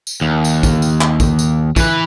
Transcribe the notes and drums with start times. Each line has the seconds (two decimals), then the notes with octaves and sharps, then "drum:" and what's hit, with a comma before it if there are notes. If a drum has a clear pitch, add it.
0.07 drum: tambourine
0.21 D#2
0.44 drum: tambourine
0.63 drum: kick, tambourine
0.82 drum: tambourine
1.01 drum: clap
1.20 drum: kick, tambourine
1.39 drum: tambourine
1.76 E3 B4, drum: kick, tambourine